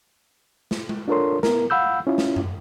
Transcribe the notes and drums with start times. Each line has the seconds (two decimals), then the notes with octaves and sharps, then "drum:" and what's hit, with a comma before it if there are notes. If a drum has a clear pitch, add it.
0.71 drum: snare
0.89 drum: tom G#3
1.08 D4 F4 A4 A#4 C#5 C6
1.43 B3 E4 A#4, drum: snare
1.70 F5 F#5 B5 E6 G6
2.07 C#4 E4 F4
2.18 drum: snare
2.36 drum: tom F#2